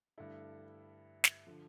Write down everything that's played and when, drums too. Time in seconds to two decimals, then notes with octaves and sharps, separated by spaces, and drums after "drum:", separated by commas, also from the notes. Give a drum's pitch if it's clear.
0.18 G2 D3 A3 E4 A4
1.24 drum: snare
1.47 D3 F3